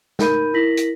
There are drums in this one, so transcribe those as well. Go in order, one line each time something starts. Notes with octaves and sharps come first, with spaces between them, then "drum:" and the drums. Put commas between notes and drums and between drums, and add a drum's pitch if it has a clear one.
D#4 A#4 B5 G6 D#7, drum: snare
E4 A#4 A#6 B6 F#7
drum: hi-hat